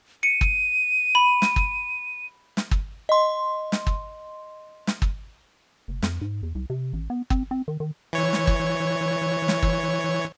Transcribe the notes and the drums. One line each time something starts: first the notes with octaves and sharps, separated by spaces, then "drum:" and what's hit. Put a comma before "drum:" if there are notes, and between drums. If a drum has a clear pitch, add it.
C#7 D#7
drum: kick
B5
drum: snare
drum: kick
drum: snare
drum: kick
D#5 C6
drum: snare
drum: kick
drum: snare
drum: kick
F#1
F2, drum: snare
G#2
E2
C2
C3
A1
B3
C4, drum: kick
C4
D#3
D#3
E3 C#5
drum: snare
drum: kick
drum: snare
drum: kick